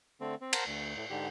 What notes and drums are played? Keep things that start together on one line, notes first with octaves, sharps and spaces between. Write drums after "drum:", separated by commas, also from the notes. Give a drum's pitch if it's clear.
D3 A3 C4
C4
A#4 C5 F#5 A5 A#5, drum: cymbal
D2
A2
G#2 D3 G4